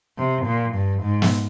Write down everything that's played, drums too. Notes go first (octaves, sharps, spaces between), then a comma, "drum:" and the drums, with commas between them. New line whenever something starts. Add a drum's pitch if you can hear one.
C3
A#2
G2
G#2
drum: snare